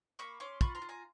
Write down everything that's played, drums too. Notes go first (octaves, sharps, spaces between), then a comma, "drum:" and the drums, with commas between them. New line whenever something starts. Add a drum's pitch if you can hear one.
A#3 B5 C#6
C#4 C6 D6
F4 B5 C#6, drum: kick
A#5 C6
F4
G#5 A#5